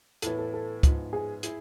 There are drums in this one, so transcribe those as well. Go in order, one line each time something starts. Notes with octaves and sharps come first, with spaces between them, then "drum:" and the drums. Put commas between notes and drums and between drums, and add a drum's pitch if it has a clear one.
A2 E3 B3 E4 A4, drum: hi-hat
A4
A4
G#2 F3 B3, drum: kick C#2, hi-hat
G#4
E4 G#4, drum: hi-hat